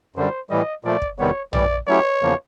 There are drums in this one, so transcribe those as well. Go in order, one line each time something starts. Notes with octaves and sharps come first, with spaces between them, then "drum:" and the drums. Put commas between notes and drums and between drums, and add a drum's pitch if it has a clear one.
F#2 D3 G3 C5
A2 E3 G3 D#5
A#2 F3 A3 D5
drum: kick
E2 C3 D#3 G3 B3 C#5
A2 E3 G3 D5, drum: tom
F#3 A3 C#4 E4 G4 C#5
E2 C#3 F3 A#3